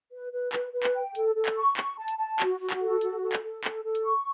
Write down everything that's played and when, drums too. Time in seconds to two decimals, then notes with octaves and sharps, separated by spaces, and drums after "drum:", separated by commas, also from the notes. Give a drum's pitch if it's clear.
0.11 B4
0.32 B4
0.53 B4, drum: clap
0.73 B4
0.83 drum: clap
0.94 G5
1.15 A4, drum: hi-hat
1.35 A4
1.46 drum: clap
1.56 C#6
1.77 C#6, drum: clap
1.98 A5
2.08 drum: hi-hat
2.18 A5
2.40 F#4, drum: clap
2.60 F#4
2.70 drum: clap
2.80 A4
3.01 F#4, drum: hi-hat
3.22 A4
3.33 drum: clap
3.43 A4
3.64 A4, drum: clap
3.84 A4
3.95 drum: hi-hat
4.05 C#6